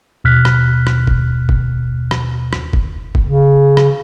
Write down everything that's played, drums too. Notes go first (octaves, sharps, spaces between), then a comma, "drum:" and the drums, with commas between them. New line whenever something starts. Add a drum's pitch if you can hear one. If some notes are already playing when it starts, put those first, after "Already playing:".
D#2 B2 F6 F#6 B6
drum: rim click
drum: rim click
drum: kick
drum: kick
drum: rim click
drum: rim click
drum: kick
drum: kick
C#3
drum: rim click